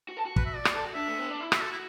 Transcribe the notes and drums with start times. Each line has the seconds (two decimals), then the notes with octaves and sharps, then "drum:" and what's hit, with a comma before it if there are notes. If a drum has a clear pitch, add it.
0.09 F#4
0.17 A4
0.25 F#4
0.36 B4, drum: kick
0.46 E5
0.56 D5
0.65 F#4, drum: rim click
0.75 A4
0.85 F#4
0.94 D4 E5
1.08 A3
1.19 B3
1.30 D4
1.41 E4
1.52 F#4 E5, drum: rim click
1.61 A4
1.72 E4